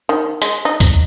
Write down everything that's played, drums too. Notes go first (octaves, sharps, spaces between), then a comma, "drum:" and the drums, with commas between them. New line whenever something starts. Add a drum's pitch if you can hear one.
D#3
G#3, drum: hi-hat
D#4
drum: kick, hi-hat